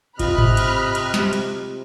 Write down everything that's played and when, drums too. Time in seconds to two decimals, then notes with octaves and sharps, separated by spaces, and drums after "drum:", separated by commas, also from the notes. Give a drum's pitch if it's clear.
0.19 C3 F4 D#5 B5 F6 F#6 A#6, drum: kick G#1, cymbal
0.38 drum: tom G#2
0.57 drum: cymbal
0.95 drum: cymbal
1.14 drum: snare
1.33 drum: cymbal